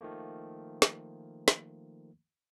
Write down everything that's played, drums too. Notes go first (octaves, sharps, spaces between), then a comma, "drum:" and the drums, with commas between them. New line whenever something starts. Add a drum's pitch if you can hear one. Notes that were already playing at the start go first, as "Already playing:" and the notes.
D#3 F3 A3 A#3
drum: snare
drum: snare